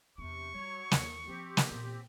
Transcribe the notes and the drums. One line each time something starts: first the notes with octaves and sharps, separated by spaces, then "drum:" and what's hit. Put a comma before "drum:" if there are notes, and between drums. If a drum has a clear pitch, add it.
E2 C3 D4 C#6
F#3 G3 C#5
D#2, drum: snare
F3 C4 G4
drum: snare
A#2 B3